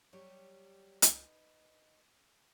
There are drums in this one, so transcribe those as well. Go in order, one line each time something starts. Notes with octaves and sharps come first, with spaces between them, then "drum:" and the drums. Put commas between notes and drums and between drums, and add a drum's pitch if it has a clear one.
F#3 G3 G4 C#5
D#4 B4, drum: hi-hat